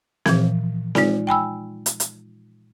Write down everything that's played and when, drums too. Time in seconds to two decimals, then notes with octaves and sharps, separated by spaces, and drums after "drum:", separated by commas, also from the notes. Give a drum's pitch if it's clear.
0.26 A#2 E3 F3, drum: snare C4
0.95 G#3 D#4 F4 D5, drum: snare C4
1.27 G5 G#5 B5 E6
1.86 drum: hi-hat
2.00 drum: hi-hat